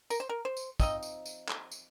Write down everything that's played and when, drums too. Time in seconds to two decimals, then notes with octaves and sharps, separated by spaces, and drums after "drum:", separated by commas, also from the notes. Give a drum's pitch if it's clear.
0.10 A#4, drum: tambourine
0.20 C5
0.29 A#4
0.45 C5
0.57 drum: tambourine
0.80 F3 C4 D#4 D#5, drum: kick, tambourine
1.03 drum: tambourine
1.26 drum: tambourine
1.49 drum: clap
1.71 drum: tambourine